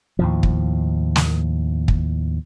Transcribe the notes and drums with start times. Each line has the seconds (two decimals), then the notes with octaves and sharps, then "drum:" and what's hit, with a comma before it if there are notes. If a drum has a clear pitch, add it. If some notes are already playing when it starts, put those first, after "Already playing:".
0.19 D#2 A2 F3
0.43 drum: kick
1.16 drum: snare
1.88 drum: kick